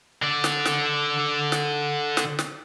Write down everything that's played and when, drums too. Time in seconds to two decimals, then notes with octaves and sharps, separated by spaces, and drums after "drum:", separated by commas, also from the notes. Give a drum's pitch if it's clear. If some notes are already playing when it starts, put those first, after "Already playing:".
0.22 D3 D5
0.44 drum: snare
0.65 drum: snare
1.52 drum: snare
2.17 drum: snare
2.39 drum: snare